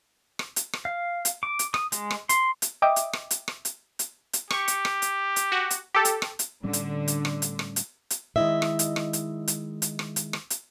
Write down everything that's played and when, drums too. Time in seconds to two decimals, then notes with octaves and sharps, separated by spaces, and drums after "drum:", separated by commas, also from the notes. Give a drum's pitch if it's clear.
0.39 drum: rim click
0.56 drum: hi-hat
0.73 drum: rim click
0.85 F5
1.25 drum: hi-hat
1.43 D6
1.59 drum: hi-hat
1.74 D#6, drum: rim click
1.92 G#3, drum: hi-hat
2.11 drum: rim click
2.29 C6, drum: hi-hat
2.62 drum: hi-hat
2.82 D#5 E5 G5 D6 D#6
2.96 drum: hi-hat
3.13 drum: rim click
3.31 drum: hi-hat
3.48 drum: rim click
3.65 drum: hi-hat
3.99 drum: hi-hat
4.33 drum: hi-hat
4.50 G4 C#6, drum: rim click
4.68 drum: hi-hat
4.85 drum: rim click
5.02 drum: hi-hat
5.36 drum: hi-hat
5.52 F#4
5.70 drum: hi-hat
5.94 G4 A4
6.05 drum: hi-hat
6.22 drum: rim click
6.39 drum: hi-hat
6.64 A2 D3 G3 C#4
6.73 drum: hi-hat
7.08 drum: hi-hat
7.25 drum: rim click
7.42 drum: hi-hat
7.59 drum: rim click
7.76 drum: hi-hat
8.10 drum: hi-hat
8.36 D#3 G#3 B3 E4 D#5 E5
8.62 drum: rim click
8.79 drum: hi-hat
8.96 drum: rim click
9.13 drum: hi-hat
9.48 drum: hi-hat
9.82 drum: hi-hat
9.99 drum: rim click
10.16 drum: hi-hat
10.33 drum: rim click
10.50 drum: hi-hat